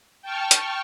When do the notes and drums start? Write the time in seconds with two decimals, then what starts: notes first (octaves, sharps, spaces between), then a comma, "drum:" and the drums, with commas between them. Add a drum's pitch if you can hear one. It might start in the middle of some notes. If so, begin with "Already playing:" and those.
0.22 G5 A5 C#6 F6
0.51 drum: hi-hat